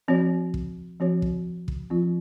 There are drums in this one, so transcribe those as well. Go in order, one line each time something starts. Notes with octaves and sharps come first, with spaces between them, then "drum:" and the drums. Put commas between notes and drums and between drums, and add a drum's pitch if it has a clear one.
F3 C4 F#4 C#5
drum: kick
F3 C4 F#4 C#5
drum: kick
drum: kick
F3 C4 F4